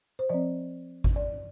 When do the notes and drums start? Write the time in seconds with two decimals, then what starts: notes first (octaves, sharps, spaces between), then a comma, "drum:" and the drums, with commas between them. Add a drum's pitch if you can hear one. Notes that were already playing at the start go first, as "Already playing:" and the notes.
0.19 C5
0.29 F3 C4 D5
1.04 drum: kick G#1
1.16 D5